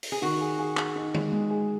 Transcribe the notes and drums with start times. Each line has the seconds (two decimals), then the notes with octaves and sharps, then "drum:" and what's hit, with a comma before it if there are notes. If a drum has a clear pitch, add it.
0.03 drum: open hi-hat
0.12 G#4
0.22 D#3 F#4
0.41 G#4
0.59 G#4
0.77 G#4, drum: clap
0.96 D#4
1.14 G#3, drum: tom
1.32 G#3
1.50 G#4